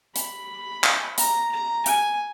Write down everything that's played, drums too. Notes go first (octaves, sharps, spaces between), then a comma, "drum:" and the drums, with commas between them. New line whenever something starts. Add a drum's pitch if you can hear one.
B5, drum: hi-hat
drum: clap
A#5, drum: hi-hat
A#5
G#5, drum: hi-hat